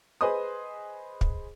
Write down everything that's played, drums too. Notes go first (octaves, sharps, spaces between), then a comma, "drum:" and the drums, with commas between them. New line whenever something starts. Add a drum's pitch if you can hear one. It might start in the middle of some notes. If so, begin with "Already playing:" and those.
G#4 B4 C5 D#5 C6 D#6
drum: kick